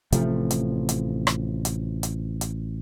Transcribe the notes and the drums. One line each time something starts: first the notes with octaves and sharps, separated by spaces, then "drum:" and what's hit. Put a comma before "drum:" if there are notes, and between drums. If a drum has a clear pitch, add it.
A1 C3 F3 A3, drum: hi-hat
drum: hi-hat
drum: hi-hat
drum: rim click
drum: hi-hat
drum: hi-hat
drum: hi-hat